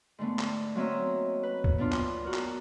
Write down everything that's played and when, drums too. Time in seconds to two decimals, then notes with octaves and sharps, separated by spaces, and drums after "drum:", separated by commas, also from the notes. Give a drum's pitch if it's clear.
0.18 G#2 D3 A3 B3
0.39 drum: clap
0.75 F#3 A#3 C4 C#5 D#5 E5
1.43 B4
1.64 drum: kick
1.78 B3 D4 F4
1.92 drum: clap
2.24 F#4 A#4
2.34 drum: clap